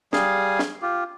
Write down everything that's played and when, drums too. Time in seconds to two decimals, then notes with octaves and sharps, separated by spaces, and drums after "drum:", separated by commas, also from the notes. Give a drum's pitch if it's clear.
0.13 G3 G#4 F5 D#6, drum: snare
0.59 drum: snare
0.82 F4 G4